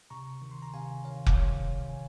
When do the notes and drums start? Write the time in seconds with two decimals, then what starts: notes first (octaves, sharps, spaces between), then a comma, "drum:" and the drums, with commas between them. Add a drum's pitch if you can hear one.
0.10 C3 A#5 C#6
0.42 D#3
0.51 C6
0.62 A#5
0.73 C3 F5 G#5
1.05 D#3 C#5 F5
1.26 drum: kick F1
1.36 C3 C#5 F5
1.68 D#3
1.90 G#5